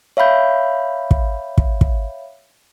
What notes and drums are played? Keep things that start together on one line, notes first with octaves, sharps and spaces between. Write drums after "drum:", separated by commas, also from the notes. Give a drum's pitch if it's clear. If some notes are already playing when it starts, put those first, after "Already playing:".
C#5 E5 F5 B5 G6
drum: kick
drum: kick
drum: kick